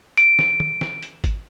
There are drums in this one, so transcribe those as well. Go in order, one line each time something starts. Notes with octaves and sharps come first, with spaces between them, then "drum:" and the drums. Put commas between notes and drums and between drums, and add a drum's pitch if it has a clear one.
D7, drum: hi-hat
drum: snare
drum: tom
drum: snare
drum: hi-hat
drum: kick G#1, hi-hat